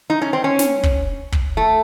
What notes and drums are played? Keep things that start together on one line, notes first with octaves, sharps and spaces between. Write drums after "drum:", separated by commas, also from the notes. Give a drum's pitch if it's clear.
D#4
C#4
C4
C#4
drum: snare
drum: kick
drum: kick
A3